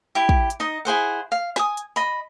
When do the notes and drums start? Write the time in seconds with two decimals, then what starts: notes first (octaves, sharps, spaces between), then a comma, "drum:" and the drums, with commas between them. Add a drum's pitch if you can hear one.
0.15 E4 G4
0.29 drum: kick
0.50 drum: hi-hat
0.60 D#4 D#5
0.85 E4 G#4 C5 F#5
1.32 F5
1.56 G#5 D#6, drum: snare
1.77 drum: hi-hat
1.96 D#5 B5